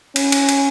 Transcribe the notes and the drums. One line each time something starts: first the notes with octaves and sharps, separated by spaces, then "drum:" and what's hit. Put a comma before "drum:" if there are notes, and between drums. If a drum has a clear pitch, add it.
C#4, drum: cymbal
drum: cymbal
drum: cymbal